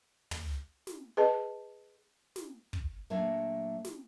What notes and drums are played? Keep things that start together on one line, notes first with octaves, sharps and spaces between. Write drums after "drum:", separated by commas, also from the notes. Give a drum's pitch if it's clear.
drum: tom
drum: snare
G#4 B4 D#5 A5
drum: snare
drum: kick
A#2 F#3 A3 D4 C#5 F5
drum: snare